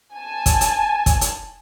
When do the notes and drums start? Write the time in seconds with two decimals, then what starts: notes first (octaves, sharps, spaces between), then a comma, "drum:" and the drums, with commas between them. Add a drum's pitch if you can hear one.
0.15 G#5 A5
0.46 drum: kick, hi-hat
0.61 drum: hi-hat
1.06 drum: kick, hi-hat
1.21 drum: hi-hat